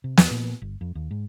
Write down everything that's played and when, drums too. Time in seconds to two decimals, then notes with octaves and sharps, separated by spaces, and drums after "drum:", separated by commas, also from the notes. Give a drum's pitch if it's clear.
0.04 C3
0.17 E2, drum: snare
0.31 A#2
0.62 G1
0.81 F2
0.95 D#2
1.11 G#2